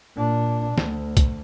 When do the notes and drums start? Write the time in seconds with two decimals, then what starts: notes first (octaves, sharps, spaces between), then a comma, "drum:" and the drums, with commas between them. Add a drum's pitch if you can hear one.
0.16 A#2 D4
0.78 D2, drum: snare
1.17 drum: kick, hi-hat